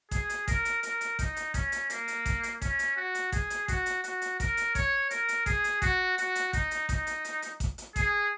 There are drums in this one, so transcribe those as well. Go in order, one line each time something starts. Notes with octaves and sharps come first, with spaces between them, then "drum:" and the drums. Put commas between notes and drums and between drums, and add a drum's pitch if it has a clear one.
G#4, drum: kick A1, hi-hat
drum: hi-hat
A#4, drum: kick A1, hi-hat
drum: hi-hat
A#4, drum: hi-hat
drum: hi-hat
D#4, drum: kick A1, hi-hat
drum: hi-hat
C#4, drum: kick A1, hi-hat
drum: hi-hat
A#3, drum: hi-hat
drum: hi-hat
drum: kick A1, hi-hat
drum: hi-hat
C#4, drum: kick A1, hi-hat
drum: hi-hat
F#4
drum: hi-hat
G#4, drum: kick A1, hi-hat
drum: hi-hat
F#4, drum: kick A1, hi-hat
drum: hi-hat
F#4, drum: hi-hat
drum: hi-hat
A#4, drum: kick A1, hi-hat
drum: hi-hat
C#5, drum: kick A1, hi-hat
A#4, drum: hi-hat
drum: hi-hat
G#4, drum: kick A1, hi-hat
drum: hi-hat
F#4, drum: kick A1, hi-hat
F#4, drum: hi-hat
drum: hi-hat
D#4, drum: kick A1, hi-hat
drum: hi-hat
D#4, drum: kick A1, hi-hat
drum: hi-hat
drum: hi-hat
drum: hi-hat
drum: kick A1, hi-hat
drum: hi-hat
G#4, drum: kick A1, hi-hat